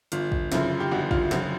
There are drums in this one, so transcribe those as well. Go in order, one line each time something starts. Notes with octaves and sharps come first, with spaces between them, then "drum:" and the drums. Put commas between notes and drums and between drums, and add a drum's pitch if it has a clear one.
G1 F4, drum: hi-hat
drum: kick
F#2 C#3 F3 E4, drum: snare
G4
G1 F#4
F4, drum: kick
F#2 C#3 F3 F#4, drum: snare